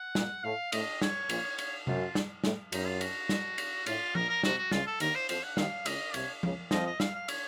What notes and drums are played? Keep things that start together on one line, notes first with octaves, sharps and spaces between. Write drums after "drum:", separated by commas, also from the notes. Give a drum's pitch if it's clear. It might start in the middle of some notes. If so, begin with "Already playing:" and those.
Already playing: F#5
A#2 A#3, drum: snare
A2 A3 F5
A2 A3 D#5, drum: cymbal
C#5, drum: snare
A#1 A#2, drum: cymbal
C#5, drum: cymbal
F#2 F4, drum: tom C3
drum: snare
A2, drum: snare
F#2 D#4, drum: cymbal
F4
F#4, drum: cymbal
drum: snare
drum: cymbal
A2 F4, drum: cymbal
A#1 A#2 A#4, drum: tom F3
A#4
C2 C3 F#4, drum: snare
F#4
C#2 C#3 F4, drum: snare
A4
D#2 D#3 A#4, drum: cymbal
C5
F2 F3 C5, drum: cymbal
F#5
D#2 D#3 F5, drum: snare
C#2 C#3 D#5, drum: cymbal
C2 C3 C#5, drum: cymbal
C#2 C#3, drum: tom F3
F2 F3 D#5, drum: snare
D#5
F5, drum: snare
F5
C#5, drum: cymbal